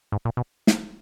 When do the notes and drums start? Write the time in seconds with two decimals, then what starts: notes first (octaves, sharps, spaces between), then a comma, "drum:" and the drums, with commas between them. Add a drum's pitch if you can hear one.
0.12 G#2
0.25 A#2
0.37 B2
0.67 drum: snare